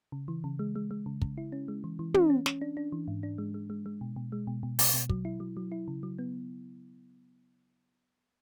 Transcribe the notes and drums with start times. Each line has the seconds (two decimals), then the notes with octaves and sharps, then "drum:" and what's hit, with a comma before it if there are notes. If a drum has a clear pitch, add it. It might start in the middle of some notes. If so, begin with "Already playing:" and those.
0.12 C#3
0.28 E3
0.44 C#3
0.59 G#3
0.75 G#3
0.91 G#3
1.06 C#3
1.22 C#3, drum: kick
1.38 E4
1.52 C#4
1.68 G#3
1.84 E3
1.99 E3
2.14 C#4, drum: tom
2.30 C#4
2.46 C#4, drum: snare
2.61 D4
2.77 D4
2.92 E3
3.08 G#2
3.23 D4
3.38 G#3
3.54 G#3
3.70 G#3
3.86 G#3
4.01 B2
4.16 B2
4.32 G#3
4.47 B2
4.63 B2
4.79 B2, drum: open hi-hat
4.94 B2
5.09 F#3, drum: kick
5.25 E4
5.40 F#3
5.57 F#3
5.72 E4
5.88 C#3
6.03 F#3
6.19 B3